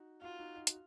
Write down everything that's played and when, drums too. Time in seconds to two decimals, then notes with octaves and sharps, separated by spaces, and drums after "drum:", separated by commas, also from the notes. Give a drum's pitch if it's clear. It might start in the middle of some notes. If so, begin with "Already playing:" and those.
Already playing: D#4 F#4
0.21 D#4 F4 F#4
0.39 D#4 F#4
0.56 D#4 F#4
0.67 F#4, drum: hi-hat